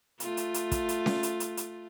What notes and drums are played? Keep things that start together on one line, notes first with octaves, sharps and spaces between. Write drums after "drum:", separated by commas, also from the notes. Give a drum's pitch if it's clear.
A3 F4, drum: hi-hat
drum: hi-hat
drum: hi-hat
drum: kick, hi-hat
drum: hi-hat
drum: snare C#4
drum: hi-hat
drum: hi-hat
drum: hi-hat